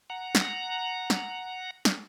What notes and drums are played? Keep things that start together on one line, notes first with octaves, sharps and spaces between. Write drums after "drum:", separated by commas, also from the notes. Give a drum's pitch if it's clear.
F#5 A#5
drum: snare
drum: snare
drum: snare